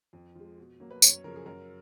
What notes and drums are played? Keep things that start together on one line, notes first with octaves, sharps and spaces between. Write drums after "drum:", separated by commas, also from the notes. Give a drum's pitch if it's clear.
F2
F3 G#3
B2
F#3 A#3
B4
F#2 C#5, drum: tambourine
C#3 F3 A#4
G#4
F#2 A#4